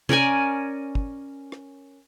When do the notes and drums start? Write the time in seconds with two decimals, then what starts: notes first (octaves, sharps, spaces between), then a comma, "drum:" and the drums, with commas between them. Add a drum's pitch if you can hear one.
0.09 C#4 A#4 D5 G#5, drum: tom C3
0.95 drum: kick
1.52 drum: rim click